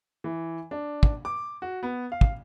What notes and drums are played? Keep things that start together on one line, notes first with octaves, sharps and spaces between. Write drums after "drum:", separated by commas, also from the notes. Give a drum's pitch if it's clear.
E3
D4
drum: kick
D6
F#4
B3
F5
drum: kick